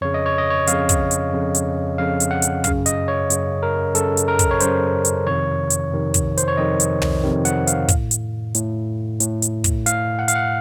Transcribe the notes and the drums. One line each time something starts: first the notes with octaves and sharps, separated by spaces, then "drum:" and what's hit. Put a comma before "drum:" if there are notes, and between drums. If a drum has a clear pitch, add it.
F2 C#3 C#5
D#5
C#5
D#5
C#5
F2 C#3 F5, drum: hi-hat
drum: kick, hi-hat
drum: hi-hat
F2 C#3
drum: hi-hat
F2 C#3 F5
drum: hi-hat
F#5
drum: hi-hat
F#2 C#3 F5, drum: kick, hi-hat
D#5, drum: hi-hat
C#5
F#2 C#3, drum: hi-hat
A#4
F#2 C#3 A4, drum: hi-hat
drum: hi-hat
A#4
drum: kick, hi-hat
C#5
F#2 C#3 C5, drum: hi-hat
drum: hi-hat
F2 C3 D#3 C#5
drum: hi-hat
F2 C3 D#3
drum: kick, hi-hat
C5, drum: hi-hat
C#5
F2 C3 D#3 D#5
drum: hi-hat
drum: tom
F2 C3 D#3
F#5, drum: hi-hat
F5, drum: hi-hat
A2, drum: kick, hi-hat
drum: hi-hat
A2, drum: hi-hat
A2, drum: hi-hat
drum: hi-hat
drum: kick, hi-hat
A2 F5, drum: hi-hat
F#5
F5, drum: hi-hat
F#5